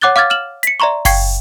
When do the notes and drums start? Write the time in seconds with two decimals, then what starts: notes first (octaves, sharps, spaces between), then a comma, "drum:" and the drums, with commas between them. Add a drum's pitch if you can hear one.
0.01 C#5 F#5 D6 F#6 A6 G7
0.16 F5 D6 F6 G#6 A6
0.30 F6 E7 F#7
0.63 B6 C#7, drum: hi-hat
0.80 D5 E5 A#5 C6 C#6
1.05 F5 G5 C#6 G#6 C7, drum: kick F#1, open hi-hat